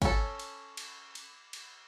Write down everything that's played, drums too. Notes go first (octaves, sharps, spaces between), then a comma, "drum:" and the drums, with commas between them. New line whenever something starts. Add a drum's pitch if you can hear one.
C#4 A4, drum: kick, cymbal
drum: cymbal
drum: cymbal
drum: cymbal
drum: cymbal